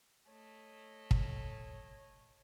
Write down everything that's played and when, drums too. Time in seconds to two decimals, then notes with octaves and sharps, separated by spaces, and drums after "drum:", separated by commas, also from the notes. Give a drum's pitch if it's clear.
0.28 A3 C#5 D#5
1.11 drum: kick